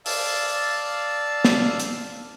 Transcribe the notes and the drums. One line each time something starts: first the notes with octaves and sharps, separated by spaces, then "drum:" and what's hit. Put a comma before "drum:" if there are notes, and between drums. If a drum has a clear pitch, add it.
D5 F5 A5 E6, drum: open hi-hat
drum: snare
drum: hi-hat